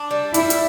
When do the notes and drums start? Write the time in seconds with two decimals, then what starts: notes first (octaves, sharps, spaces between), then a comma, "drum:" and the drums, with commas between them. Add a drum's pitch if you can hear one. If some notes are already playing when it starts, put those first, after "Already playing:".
Already playing: D4
0.11 G3
0.34 G3 E4, drum: hi-hat
0.50 drum: hi-hat